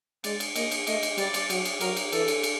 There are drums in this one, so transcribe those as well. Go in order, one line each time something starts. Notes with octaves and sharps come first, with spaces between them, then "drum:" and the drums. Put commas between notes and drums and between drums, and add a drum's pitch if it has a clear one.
G#3 D5, drum: cymbal
drum: cymbal
A#3 D#5, drum: cymbal
drum: cymbal
A3 D#5, drum: cymbal
drum: cymbal
G3 D5, drum: cymbal
drum: cymbal
F#3, drum: cymbal
drum: cymbal
F#3 A#4, drum: cymbal
drum: cymbal
E3 A4, drum: cymbal
drum: cymbal
drum: cymbal